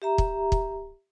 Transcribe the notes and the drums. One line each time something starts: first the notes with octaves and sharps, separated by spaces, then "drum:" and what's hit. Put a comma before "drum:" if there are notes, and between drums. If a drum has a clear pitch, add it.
G4 E5 A#5
drum: kick
drum: kick